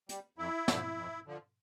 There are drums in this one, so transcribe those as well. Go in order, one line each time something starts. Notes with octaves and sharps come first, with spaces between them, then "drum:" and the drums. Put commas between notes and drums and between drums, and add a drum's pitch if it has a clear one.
G3, drum: hi-hat
F2 E4
D3 F3, drum: snare
F2
D3 F3